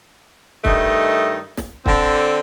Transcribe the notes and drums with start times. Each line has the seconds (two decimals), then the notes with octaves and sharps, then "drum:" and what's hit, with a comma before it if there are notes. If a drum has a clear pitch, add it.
0.65 G2 D#3 A3 D#4 D#5, drum: kick
1.57 drum: snare
1.86 D3 C4, drum: kick